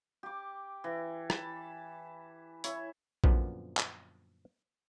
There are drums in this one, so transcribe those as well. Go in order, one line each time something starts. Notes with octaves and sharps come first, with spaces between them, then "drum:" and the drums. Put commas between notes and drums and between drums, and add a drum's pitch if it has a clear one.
G4 D6
E3
A5 B5, drum: rim click
E4 C#5, drum: hi-hat
F#2 A#2 D3 F3 B3, drum: kick A#1
drum: clap